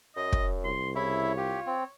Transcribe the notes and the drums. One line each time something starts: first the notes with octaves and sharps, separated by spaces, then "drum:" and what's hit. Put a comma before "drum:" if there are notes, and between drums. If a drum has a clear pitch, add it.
F#2 D#5
drum: kick
C2 C6
C#3 E4 C#5 E5
F4 G4
C4